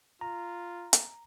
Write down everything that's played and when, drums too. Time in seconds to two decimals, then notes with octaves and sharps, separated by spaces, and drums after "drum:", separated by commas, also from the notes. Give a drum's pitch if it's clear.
0.21 F4 A#5
0.93 drum: hi-hat